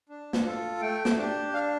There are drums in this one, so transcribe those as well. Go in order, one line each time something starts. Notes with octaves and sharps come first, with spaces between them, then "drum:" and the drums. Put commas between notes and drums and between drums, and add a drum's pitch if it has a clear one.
D4
drum: snare
F4 A4
A3 G5
drum: snare
D4
G4
D4 F5